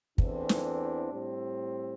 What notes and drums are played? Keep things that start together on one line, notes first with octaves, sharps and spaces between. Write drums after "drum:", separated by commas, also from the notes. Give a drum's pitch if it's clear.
E2 E3 A3 C4 D4, drum: kick
drum: snare
A2 G3 C4